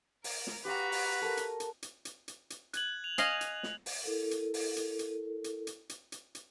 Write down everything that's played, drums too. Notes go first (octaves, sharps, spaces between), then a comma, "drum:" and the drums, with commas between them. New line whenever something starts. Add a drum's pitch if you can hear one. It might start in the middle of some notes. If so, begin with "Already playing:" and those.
A#4, drum: open hi-hat
drum: snare
F#4 G4 B4 F5 A#5
drum: open hi-hat
A4 A#4 F#5
drum: hi-hat
drum: hi-hat
drum: hi-hat
drum: hi-hat
drum: hi-hat
drum: hi-hat
F#6 G#6 F#7, drum: hi-hat
F7
D#5 F5 G#5, drum: hi-hat
drum: hi-hat
drum: snare
drum: open hi-hat
E4 A4 A#4
drum: hi-hat
drum: open hi-hat
drum: hi-hat
drum: hi-hat
drum: hi-hat
drum: hi-hat
drum: hi-hat
drum: hi-hat
drum: hi-hat